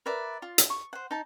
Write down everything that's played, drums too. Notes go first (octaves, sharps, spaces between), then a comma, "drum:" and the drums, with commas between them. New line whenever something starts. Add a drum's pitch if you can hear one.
A#4 B4 D5 E5
F4
drum: hi-hat
C#6
C5 F#5
D#4 A5